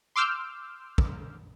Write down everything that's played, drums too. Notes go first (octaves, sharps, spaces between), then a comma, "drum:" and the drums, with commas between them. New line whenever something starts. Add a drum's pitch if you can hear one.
C6 D6 E6 F6 G6
drum: kick